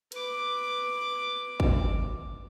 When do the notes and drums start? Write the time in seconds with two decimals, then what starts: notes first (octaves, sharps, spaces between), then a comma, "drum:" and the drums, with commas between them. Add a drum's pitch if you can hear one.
0.12 B4 D6, drum: hi-hat
1.60 drum: kick